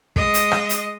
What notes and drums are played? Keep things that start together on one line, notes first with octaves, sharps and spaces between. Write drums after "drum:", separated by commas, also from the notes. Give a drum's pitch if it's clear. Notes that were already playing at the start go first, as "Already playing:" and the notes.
G#3 D#5, drum: kick
drum: hi-hat
drum: rim click
drum: hi-hat